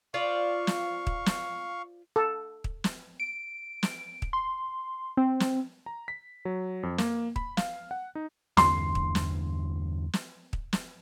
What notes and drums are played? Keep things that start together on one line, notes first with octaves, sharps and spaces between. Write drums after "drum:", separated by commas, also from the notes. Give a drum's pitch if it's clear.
F4 C5 D5 F5 C#6
drum: snare
drum: kick
drum: snare
A4
drum: kick
drum: snare
D7
drum: snare
drum: kick
C6
C4
drum: snare
A#5
B6
F#3
F2
A#3, drum: snare
B5, drum: kick
F5, drum: snare
F#5
D#4
E2 G2 D3 C6, drum: snare
drum: kick
drum: snare
drum: snare
drum: kick
drum: snare